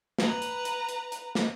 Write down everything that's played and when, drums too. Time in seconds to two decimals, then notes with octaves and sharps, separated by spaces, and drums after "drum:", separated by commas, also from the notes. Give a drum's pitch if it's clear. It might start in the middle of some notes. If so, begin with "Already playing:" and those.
0.18 B4 A#5, drum: snare
0.42 drum: hi-hat
0.65 drum: hi-hat
0.89 drum: hi-hat
1.12 drum: hi-hat
1.35 drum: snare